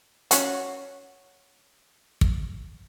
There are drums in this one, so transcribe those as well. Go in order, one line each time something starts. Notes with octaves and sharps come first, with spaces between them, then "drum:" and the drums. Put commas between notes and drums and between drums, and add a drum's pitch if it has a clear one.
C#4 F#4, drum: hi-hat
drum: kick